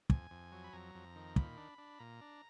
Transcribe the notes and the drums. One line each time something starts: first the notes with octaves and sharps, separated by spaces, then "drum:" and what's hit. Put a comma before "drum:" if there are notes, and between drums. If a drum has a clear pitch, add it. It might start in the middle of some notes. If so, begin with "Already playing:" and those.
F2 G#5, drum: kick
F2
F#3
B5
F2 A#5
F2
D#3
A#2 B5, drum: kick
D4
D4
A#2 A#5
D4